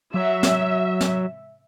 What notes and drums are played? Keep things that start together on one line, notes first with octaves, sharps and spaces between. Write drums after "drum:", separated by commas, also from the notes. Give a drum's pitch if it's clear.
F#3 E5
drum: snare
drum: snare